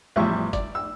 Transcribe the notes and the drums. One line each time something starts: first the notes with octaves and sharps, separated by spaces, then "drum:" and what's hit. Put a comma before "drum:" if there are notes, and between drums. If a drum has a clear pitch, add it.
A1 E2 F3 G3 E5 C#6
D5, drum: kick, hi-hat
E6